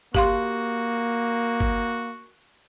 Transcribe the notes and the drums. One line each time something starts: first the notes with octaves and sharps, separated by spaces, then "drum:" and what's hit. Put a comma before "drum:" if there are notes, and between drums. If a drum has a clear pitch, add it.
A#3 F#4 G4 F5 C6, drum: kick
drum: kick